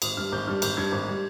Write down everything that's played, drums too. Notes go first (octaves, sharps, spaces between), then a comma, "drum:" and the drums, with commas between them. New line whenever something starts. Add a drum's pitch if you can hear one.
G#1 D#6, drum: cymbal
G2 G3 F6
G#1 G6
G2 G3 F6
G#1 G6, drum: cymbal
G2 G3 G#6
G#1
G3